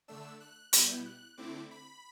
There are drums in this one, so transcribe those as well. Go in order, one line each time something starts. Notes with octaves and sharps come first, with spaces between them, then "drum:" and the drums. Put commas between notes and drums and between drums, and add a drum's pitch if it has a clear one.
D3 A3 D4 E6
F#6
B2 G3 B3 E4 G6, drum: hi-hat
F#6
D3 A3 C4 E4 D6
B5